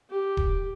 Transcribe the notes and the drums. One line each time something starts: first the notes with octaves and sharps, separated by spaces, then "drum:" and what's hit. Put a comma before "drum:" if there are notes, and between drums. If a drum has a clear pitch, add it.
G4
drum: kick D#1